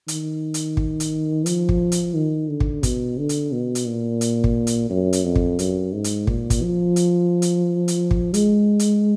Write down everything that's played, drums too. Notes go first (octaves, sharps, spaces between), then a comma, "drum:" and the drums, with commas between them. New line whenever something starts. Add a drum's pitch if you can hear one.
D#3, drum: hi-hat
drum: hi-hat
drum: kick
drum: hi-hat
F3, drum: hi-hat
drum: kick
drum: hi-hat
D#3
D3
drum: kick
B2, drum: kick, hi-hat
D3
drum: hi-hat
B2
drum: hi-hat
A#2
drum: hi-hat
drum: kick
drum: hi-hat
F#2
drum: hi-hat
F2
drum: kick
F#2, drum: hi-hat
G#2
drum: hi-hat
A#2, drum: kick
drum: kick, hi-hat
F3
drum: hi-hat
drum: hi-hat
drum: hi-hat
drum: kick
G#3, drum: hi-hat
drum: hi-hat